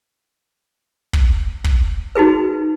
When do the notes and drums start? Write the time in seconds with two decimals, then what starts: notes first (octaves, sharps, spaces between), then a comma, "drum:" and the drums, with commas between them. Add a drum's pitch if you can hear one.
1.13 drum: kick
1.64 drum: kick
2.15 D#4 F#4 G#4 B4